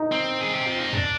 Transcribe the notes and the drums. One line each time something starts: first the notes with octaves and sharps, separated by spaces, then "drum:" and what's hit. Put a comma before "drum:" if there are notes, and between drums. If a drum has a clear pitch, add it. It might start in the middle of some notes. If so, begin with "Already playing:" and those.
Already playing: D#4
C4
G#4
G4
F4
D#4
D4, drum: tom